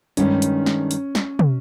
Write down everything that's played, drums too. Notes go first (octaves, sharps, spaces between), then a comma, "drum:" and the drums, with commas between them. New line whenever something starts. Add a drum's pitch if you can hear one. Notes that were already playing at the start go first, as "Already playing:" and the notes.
G2 D#3 G#3 C#4, drum: hi-hat
drum: hi-hat
drum: snare
drum: hi-hat
drum: snare
drum: tom